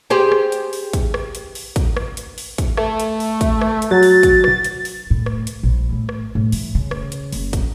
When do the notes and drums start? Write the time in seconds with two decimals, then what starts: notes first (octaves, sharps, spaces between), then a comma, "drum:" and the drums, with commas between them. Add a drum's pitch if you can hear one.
0.10 G4 G#4 C5
0.32 drum: rim click
0.52 drum: hi-hat
0.73 drum: open hi-hat
0.93 drum: kick, hi-hat
1.14 drum: rim click
1.35 drum: hi-hat
1.55 drum: open hi-hat
1.76 drum: kick, hi-hat
1.97 drum: rim click
2.17 drum: hi-hat
2.38 drum: open hi-hat
2.58 drum: kick, hi-hat
2.77 A3, drum: rim click
3.00 drum: hi-hat
3.20 drum: open hi-hat
3.41 drum: kick, hi-hat
3.61 drum: rim click
3.82 drum: hi-hat
3.91 F#3 A6
4.03 drum: open hi-hat
4.23 drum: kick, hi-hat
4.44 drum: rim click
4.64 drum: hi-hat
4.85 drum: open hi-hat
5.10 A2
5.26 drum: rim click
5.47 drum: hi-hat
5.63 A#1
5.92 A2
6.09 drum: rim click
6.35 A2
6.52 E3, drum: open hi-hat
6.75 C#3
6.91 drum: rim click
7.12 drum: hi-hat
7.32 F#1, drum: open hi-hat
7.53 drum: kick, hi-hat